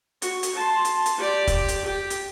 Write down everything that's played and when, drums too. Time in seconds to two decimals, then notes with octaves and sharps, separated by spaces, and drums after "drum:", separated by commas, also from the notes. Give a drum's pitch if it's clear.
0.22 F#4, drum: hi-hat
0.43 drum: hi-hat
0.55 A5 C6
0.85 drum: hi-hat
1.06 drum: hi-hat
1.18 G4 D5
1.47 drum: kick, hi-hat
1.68 drum: hi-hat
1.85 G4
2.10 drum: hi-hat